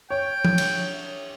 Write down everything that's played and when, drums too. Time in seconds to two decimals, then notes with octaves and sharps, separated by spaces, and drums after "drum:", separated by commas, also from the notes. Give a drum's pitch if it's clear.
0.10 C#5 G5
0.45 drum: tom
0.58 drum: cymbal